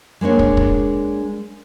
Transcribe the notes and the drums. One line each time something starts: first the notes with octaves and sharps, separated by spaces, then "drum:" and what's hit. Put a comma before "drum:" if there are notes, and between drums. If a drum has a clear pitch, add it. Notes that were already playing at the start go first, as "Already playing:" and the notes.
G#3 A#3 D4 C#5
drum: kick
drum: kick